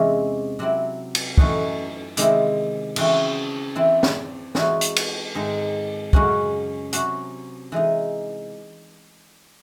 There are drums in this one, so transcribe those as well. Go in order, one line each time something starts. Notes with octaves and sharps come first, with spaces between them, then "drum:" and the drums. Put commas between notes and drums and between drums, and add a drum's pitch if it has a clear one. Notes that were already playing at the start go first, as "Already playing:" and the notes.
Already playing: E2 C3 E3 G#3 C#4
C3 F#3 C4 E4
drum: cymbal
F#2 E3 A3 D#4 F#4, drum: kick
C3 D#3 G#3 C4 E4, drum: hi-hat
C#3 E3 C4 F#4, drum: cymbal
E3 C4 E4
drum: snare
E3 G#3 D#4 F#4, drum: snare
drum: hi-hat
drum: cymbal
G#2 D#3 G#3 C4 D#4
F#2 C#3 G#3 C#4 F#4, drum: kick
C3 F#3 C#4 F#4, drum: hi-hat
E3 G#3 D#4